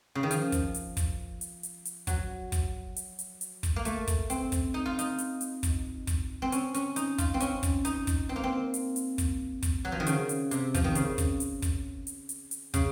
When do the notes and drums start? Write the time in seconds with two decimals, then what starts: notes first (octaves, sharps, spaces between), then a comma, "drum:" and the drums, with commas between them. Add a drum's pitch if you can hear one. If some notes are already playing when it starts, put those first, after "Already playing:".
0.15 C#3
0.23 D#3
0.31 F3, drum: hi-hat
0.52 drum: kick, hi-hat
0.74 drum: hi-hat
0.97 drum: kick, hi-hat
1.41 drum: hi-hat
1.63 drum: hi-hat
1.85 drum: hi-hat
2.07 F#3, drum: kick, hi-hat
2.52 drum: kick, hi-hat
2.96 drum: hi-hat
3.19 drum: hi-hat
3.41 drum: hi-hat
3.63 drum: kick, hi-hat
3.76 A#3
3.85 A3, drum: hi-hat
4.07 drum: kick, hi-hat
4.30 C4, drum: hi-hat
4.52 drum: kick, hi-hat
4.74 D#4
4.86 F4
4.99 D#4, drum: hi-hat
5.18 drum: hi-hat
5.41 drum: hi-hat
5.63 drum: kick, hi-hat
6.07 drum: kick, hi-hat
6.42 C4
6.52 C#4, drum: hi-hat
6.74 C#4, drum: hi-hat
6.96 D#4, drum: hi-hat
7.18 F4, drum: kick, hi-hat
7.34 C4
7.40 C#4, drum: hi-hat
7.63 drum: kick, hi-hat
7.85 D#4, drum: hi-hat
8.07 drum: kick, hi-hat
8.29 C4
8.36 A#3
8.44 C4
8.74 drum: hi-hat
8.96 drum: hi-hat
9.18 drum: kick, hi-hat
9.62 drum: kick, hi-hat
9.85 F#3
9.92 F3
10.00 D#3
10.07 C#3, drum: hi-hat
10.29 drum: hi-hat
10.51 C3, drum: hi-hat
10.74 F3, drum: kick, hi-hat
10.84 D#3
10.95 C#3, drum: hi-hat
11.18 drum: kick, hi-hat
11.40 drum: hi-hat
11.62 drum: kick, hi-hat
12.07 drum: hi-hat
12.29 drum: hi-hat
12.51 drum: hi-hat
12.74 C#3, drum: kick, hi-hat